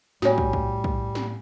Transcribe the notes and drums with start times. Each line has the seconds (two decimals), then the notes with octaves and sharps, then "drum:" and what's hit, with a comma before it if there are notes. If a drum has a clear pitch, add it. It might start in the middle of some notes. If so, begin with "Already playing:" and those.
0.22 A2 G3 F#4 C#5 G5 G#5, drum: snare
0.38 drum: kick
0.53 drum: kick
0.84 drum: kick
1.15 drum: snare